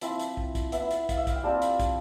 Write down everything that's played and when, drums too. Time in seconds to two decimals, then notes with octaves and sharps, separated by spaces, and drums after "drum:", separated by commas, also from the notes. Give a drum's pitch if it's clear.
0.01 F3 C4 E4 E5, drum: hi-hat
0.20 drum: hi-hat
0.37 drum: kick
0.55 drum: kick, hi-hat
0.72 B3 E4 E5, drum: hi-hat
0.91 drum: hi-hat
1.09 F5, drum: kick, hi-hat
1.17 E5
1.27 F5, drum: kick, hi-hat
1.36 G5
1.43 G3 C4 F4 A5
1.62 drum: hi-hat
1.80 drum: kick, hi-hat